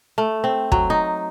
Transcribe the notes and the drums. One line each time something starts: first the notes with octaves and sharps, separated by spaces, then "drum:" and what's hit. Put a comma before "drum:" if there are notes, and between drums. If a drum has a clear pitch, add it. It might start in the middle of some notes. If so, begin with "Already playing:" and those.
A3
C4
F#3, drum: kick
D#4